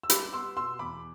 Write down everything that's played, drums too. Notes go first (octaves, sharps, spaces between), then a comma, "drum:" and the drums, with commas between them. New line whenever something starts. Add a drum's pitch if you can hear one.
E6
G3 B5 D6, drum: hi-hat
B3 C6 E6
B2 C6 E6
E2 B5 D6